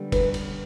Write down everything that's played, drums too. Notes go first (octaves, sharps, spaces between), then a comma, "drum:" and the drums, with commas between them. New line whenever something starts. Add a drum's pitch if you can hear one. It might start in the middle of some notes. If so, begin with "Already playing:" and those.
Already playing: D3 G3 B3
B4, drum: kick, cymbal
drum: cymbal